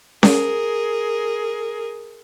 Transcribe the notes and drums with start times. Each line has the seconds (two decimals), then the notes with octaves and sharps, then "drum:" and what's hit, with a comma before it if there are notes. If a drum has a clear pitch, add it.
0.23 G#4 A#4, drum: snare C#4